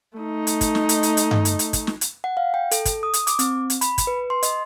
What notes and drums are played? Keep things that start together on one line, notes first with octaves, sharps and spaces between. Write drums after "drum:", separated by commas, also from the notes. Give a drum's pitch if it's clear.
A3 D#4
drum: hi-hat
drum: kick, hi-hat
drum: snare
drum: hi-hat
drum: hi-hat
drum: hi-hat
drum: tom G2
drum: hi-hat
drum: hi-hat
drum: kick, hi-hat
drum: snare
drum: hi-hat
F#5
F5
G5
A4, drum: hi-hat
drum: kick, hi-hat
D#6
drum: hi-hat
D6, drum: hi-hat
C4, drum: hi-hat
drum: hi-hat
B5, drum: hi-hat
drum: kick, hi-hat
B4
C6
D#5, drum: hi-hat